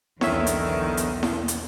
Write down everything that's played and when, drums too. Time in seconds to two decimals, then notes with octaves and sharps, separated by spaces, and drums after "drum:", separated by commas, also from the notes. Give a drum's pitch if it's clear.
0.21 B1 E2 D3 D#3 C#5 E5, drum: snare E4
0.47 drum: hi-hat
0.97 drum: hi-hat
1.23 drum: snare E4
1.48 drum: hi-hat